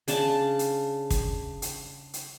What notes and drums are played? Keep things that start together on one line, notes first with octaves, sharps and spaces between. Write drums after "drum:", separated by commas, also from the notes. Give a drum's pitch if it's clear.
C#3 D4 A5, drum: hi-hat
drum: hi-hat
drum: kick, hi-hat
drum: hi-hat
drum: hi-hat